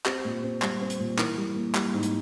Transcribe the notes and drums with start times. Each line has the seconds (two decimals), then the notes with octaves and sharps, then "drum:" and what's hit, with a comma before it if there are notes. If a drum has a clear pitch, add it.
0.06 C4 G4, drum: clap
0.25 A#2
0.43 C4
0.62 G3, drum: clap
0.80 C4
0.90 drum: hi-hat
0.99 A#2
1.18 E3 A#4, drum: clap
1.37 G3
1.55 A#3
1.75 G3, drum: clap
1.93 G#2
2.03 drum: hi-hat